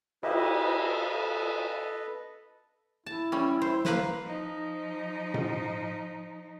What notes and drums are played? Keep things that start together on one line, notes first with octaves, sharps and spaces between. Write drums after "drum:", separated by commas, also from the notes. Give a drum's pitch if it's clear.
E4 G4 B4 D#5, drum: cymbal
A4 B4 D#5
E4 A5
G3 C#4
C5
A#3 B4 C5, drum: snare
F3 D#4
drum: tom A2